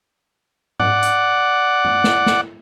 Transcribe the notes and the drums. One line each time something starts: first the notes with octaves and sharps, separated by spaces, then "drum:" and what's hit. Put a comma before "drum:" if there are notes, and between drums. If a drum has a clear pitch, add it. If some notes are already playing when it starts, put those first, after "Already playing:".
D5 F#5, drum: tom G#2
drum: hi-hat
drum: tom
drum: snare
drum: snare